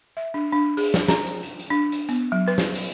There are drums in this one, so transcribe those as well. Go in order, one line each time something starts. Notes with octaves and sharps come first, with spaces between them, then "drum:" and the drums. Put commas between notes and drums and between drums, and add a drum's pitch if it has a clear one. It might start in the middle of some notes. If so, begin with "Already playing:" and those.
E5
D4
D4
G#4, drum: open hi-hat
drum: snare
A#5, drum: snare
drum: hi-hat
drum: hi-hat
drum: hi-hat
D4
drum: hi-hat
B3, drum: hi-hat
F#3
B4
drum: snare
drum: open hi-hat